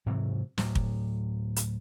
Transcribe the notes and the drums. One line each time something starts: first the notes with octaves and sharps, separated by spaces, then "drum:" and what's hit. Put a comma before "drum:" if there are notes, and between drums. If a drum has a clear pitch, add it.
G#2 C3 E3 F#3
D2 A2 F#3, drum: snare
drum: kick
drum: hi-hat